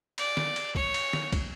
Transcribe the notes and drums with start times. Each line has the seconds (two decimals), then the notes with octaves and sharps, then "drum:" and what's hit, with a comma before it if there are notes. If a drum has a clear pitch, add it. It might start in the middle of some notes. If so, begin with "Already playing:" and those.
0.18 D5, drum: cymbal
0.37 drum: snare
0.56 drum: cymbal
0.75 C#5, drum: kick
0.94 drum: cymbal
1.13 drum: snare
1.32 drum: kick, cymbal